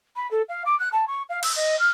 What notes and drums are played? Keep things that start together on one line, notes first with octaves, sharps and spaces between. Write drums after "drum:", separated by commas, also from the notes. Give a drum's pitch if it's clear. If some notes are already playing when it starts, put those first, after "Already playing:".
B5
A4
F5
D6
F#6
A5
C#6
F5
E6, drum: cymbal
D#5
F6